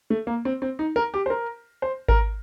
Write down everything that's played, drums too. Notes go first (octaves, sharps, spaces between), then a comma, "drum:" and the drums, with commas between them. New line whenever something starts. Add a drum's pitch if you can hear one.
A3
A#3
C4
C4
D#4
A#4
G4
C5
A#4
C5
A#4, drum: kick G#1